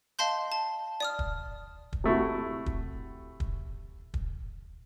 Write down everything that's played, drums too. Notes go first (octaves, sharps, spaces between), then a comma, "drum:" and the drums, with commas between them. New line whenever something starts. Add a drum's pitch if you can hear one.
D#5 F5 A5 C6 G6
A5
D5 D#6 F6
drum: kick
drum: kick
C3 A3 E4 F#4
drum: kick
drum: kick
drum: kick